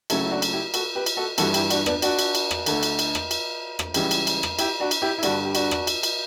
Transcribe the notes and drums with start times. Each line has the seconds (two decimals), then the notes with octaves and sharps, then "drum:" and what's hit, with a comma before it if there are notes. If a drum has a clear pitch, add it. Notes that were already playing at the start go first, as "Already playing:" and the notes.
0.10 C#2 C#3 F#3 A3 C#4 E4, drum: cymbal
0.25 E4
0.31 D4 F#4
0.42 drum: cymbal
0.53 E4 G4
0.74 F#4 A4, drum: cymbal
0.95 G4 B4
1.06 drum: cymbal
1.17 F#4 A4
1.38 G2 E3 G3 F#4 A4, drum: cymbal
1.54 E4 G4, drum: cymbal
1.70 D4 F#4, drum: cymbal
1.86 B3 D4, drum: rim click
2.02 D4 F#4, drum: cymbal
2.19 drum: cymbal
2.35 drum: cymbal
2.51 drum: rim click
2.66 D2 D3 A3, drum: cymbal
2.83 drum: cymbal
2.99 drum: cymbal
3.15 drum: rim click
3.31 drum: cymbal
3.79 drum: rim click
3.94 C#2 C#3 E3 G3, drum: cymbal
4.11 drum: cymbal
4.27 drum: cymbal
4.43 drum: rim click
4.59 E4 G4, drum: cymbal
4.80 D4 F#4
4.91 drum: cymbal
5.02 E4 G4
5.18 E4
5.23 G2 D3 G3 D4 F#4, drum: cymbal
5.45 G4
5.55 D4 F#4, drum: cymbal
5.71 drum: rim click
5.87 drum: cymbal
6.03 drum: cymbal